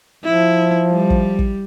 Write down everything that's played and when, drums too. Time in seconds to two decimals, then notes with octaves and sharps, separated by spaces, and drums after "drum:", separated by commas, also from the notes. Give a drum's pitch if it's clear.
0.24 F3 E4
0.92 G3
1.10 drum: kick
1.39 drum: kick